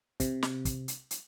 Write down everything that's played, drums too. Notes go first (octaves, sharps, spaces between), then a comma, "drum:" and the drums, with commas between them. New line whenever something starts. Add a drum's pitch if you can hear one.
C3, drum: kick, hi-hat
drum: snare
drum: kick, hi-hat
drum: hi-hat
drum: hi-hat